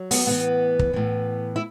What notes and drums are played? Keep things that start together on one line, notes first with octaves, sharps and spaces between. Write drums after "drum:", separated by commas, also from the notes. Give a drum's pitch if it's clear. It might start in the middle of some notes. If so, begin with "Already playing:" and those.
Already playing: F#3
B3, drum: open hi-hat
A2 E3 B3
drum: kick
A2 E3
E4